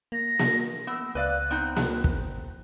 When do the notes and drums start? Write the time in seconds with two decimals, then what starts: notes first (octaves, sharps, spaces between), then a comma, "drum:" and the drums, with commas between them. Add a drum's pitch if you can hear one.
0.12 A#3 A#6
0.39 drum: snare A#3
0.87 B3 E6
1.15 C#2 B4 D5 F5 F#6
1.51 B3 C4 D#4
1.77 drum: snare A#3
2.04 drum: kick